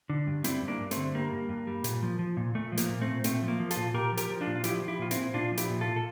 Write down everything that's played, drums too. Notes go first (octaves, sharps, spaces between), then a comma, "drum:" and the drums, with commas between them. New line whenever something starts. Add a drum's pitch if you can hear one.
D3
G2
G3 C4 E4, drum: hi-hat
G2
A#3 D4
G2
A3 C4, drum: hi-hat
D3
G3 A#3
G2
G2
G3
A#2, drum: hi-hat
F3
F3
A#2
A#2 A3
F3
A#3, drum: hi-hat
A#2
A3 C4
A#2
A#2 A3 C4, drum: hi-hat
F3
A#3
F3
F4 A4, drum: hi-hat
A#2
A#2 G4 A#4
F3
G4 A#4, drum: hi-hat
F3
D4 F4
A#2
F4
F3 E4 G4, drum: hi-hat
F3
E4 G4
A#2 F4
C4 E4, drum: hi-hat
A#2
A#2 D4 F4
F3
E4 G4, drum: hi-hat
A#2
F4 A4
A#2
A4